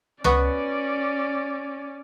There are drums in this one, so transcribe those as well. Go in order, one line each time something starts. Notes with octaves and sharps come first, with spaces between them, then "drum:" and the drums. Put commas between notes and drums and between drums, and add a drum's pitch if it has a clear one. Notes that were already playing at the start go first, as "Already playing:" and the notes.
B3 C#4 F#4 D5, drum: tom C#2